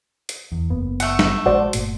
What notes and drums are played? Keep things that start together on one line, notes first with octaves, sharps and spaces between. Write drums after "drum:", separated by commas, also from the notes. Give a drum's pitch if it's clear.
drum: hi-hat
E2
F#1 A#3 B3
A3 F#5, drum: hi-hat
drum: snare
A#1 G#3 F#4 C5 D5
G1 A#2 A3, drum: hi-hat